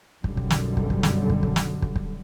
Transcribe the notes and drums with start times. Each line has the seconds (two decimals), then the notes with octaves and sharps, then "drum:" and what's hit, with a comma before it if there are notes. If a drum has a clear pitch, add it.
0.24 B1 F#2 D3 G3, drum: kick
0.37 drum: kick
0.50 drum: snare
0.77 drum: kick
0.90 drum: kick
1.03 drum: snare
1.30 drum: kick
1.43 drum: kick
1.56 drum: snare
1.82 drum: kick
1.96 drum: kick